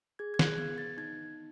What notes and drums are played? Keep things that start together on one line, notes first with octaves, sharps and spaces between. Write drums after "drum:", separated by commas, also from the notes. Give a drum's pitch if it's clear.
G#4 G#6
G#6
F#6, drum: snare
B3 G#6
A6
D#4 G#6